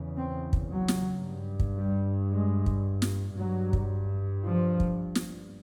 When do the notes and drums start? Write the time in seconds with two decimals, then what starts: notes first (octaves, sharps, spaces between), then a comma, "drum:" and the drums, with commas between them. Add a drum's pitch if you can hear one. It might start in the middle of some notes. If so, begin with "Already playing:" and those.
Already playing: E2 C#3
0.17 C4
0.53 drum: kick
0.71 F#3
0.88 drum: snare
1.24 G2
1.60 drum: kick
1.77 G3
2.31 G#3
2.66 drum: kick
3.02 drum: snare
3.37 G2 F#3
3.73 drum: kick
4.44 F3
4.80 drum: kick
5.15 drum: snare